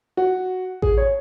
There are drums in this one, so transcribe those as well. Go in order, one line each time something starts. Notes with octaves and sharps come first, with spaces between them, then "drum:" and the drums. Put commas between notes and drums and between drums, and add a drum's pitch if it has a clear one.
F#4
G#4, drum: kick A1
C#5